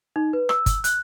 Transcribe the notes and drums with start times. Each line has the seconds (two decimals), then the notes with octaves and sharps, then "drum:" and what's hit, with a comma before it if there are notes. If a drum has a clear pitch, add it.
0.16 D#4
0.33 B4
0.49 E6, drum: rim click
0.66 drum: kick G1, hi-hat
0.84 F#6, drum: hi-hat